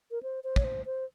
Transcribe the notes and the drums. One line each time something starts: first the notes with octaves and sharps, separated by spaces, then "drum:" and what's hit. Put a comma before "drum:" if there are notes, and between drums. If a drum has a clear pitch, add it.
A#4
C5
C5
C#5, drum: kick
C5
C5